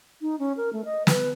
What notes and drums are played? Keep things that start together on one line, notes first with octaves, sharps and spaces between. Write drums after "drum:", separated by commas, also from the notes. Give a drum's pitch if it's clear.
D#4
C#4
A#4
A3
D#5
B4, drum: snare